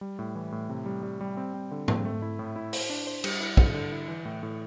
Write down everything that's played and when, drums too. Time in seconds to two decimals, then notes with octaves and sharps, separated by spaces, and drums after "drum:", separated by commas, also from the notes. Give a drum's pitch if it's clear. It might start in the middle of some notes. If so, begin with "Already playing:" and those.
0.01 G3
0.19 A2
0.35 E3
0.52 A2
0.69 C3
0.86 G3
1.03 G3
1.21 G3
1.37 C4
1.54 C4
1.71 D3
1.88 C4, drum: tom G#2
2.05 A3
2.22 E4
2.39 A2
2.56 E4
2.73 C5, drum: open hi-hat
2.90 D4
3.07 C5
3.24 G3, drum: cymbal
3.41 E4
3.57 D3, drum: kick
3.74 D3
3.92 E4
4.08 E3
4.25 A2
4.43 A2